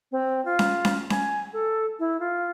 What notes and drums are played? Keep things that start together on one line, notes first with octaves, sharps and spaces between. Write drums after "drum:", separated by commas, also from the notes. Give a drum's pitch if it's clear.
C4
F4
drum: snare C#4
drum: snare C#4
G#5, drum: snare C#4
A4
E4
F4